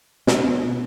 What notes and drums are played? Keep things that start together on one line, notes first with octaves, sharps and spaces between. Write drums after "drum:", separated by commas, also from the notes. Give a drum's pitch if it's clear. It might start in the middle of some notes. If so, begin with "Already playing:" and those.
B2 B3 D4, drum: snare